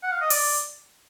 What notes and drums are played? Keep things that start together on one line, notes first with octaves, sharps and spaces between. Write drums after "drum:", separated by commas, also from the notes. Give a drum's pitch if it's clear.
F#5
F5
D#5
D5, drum: open hi-hat